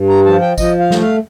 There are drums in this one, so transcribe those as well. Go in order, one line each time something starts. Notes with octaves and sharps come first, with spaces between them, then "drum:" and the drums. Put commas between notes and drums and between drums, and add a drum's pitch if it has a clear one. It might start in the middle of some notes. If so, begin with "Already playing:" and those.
Already playing: G2
A#5
F3 A5
G5
F3 D#5, drum: kick G#1, tambourine
F5
A3, drum: snare
F5